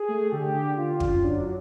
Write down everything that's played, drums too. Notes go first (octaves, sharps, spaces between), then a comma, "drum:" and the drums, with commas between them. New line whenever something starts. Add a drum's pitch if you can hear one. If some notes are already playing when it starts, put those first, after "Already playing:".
Already playing: G#4
A3
D3 G4
D3
D3 F4
F#2, drum: kick
F#3 D4